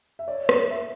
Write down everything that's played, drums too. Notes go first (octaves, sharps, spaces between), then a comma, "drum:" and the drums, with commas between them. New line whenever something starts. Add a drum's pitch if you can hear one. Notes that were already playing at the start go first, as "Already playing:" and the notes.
E5
C#5 D5
drum: rim click
E5